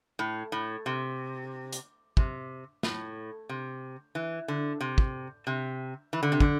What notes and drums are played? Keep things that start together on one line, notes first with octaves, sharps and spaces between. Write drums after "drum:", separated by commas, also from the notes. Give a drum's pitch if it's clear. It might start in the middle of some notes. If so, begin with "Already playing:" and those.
A2
A2
C3
drum: hi-hat
C3, drum: kick
A2, drum: snare
C3
E3
D3
C3
drum: kick
C3
E3
D3
C3
D3, drum: kick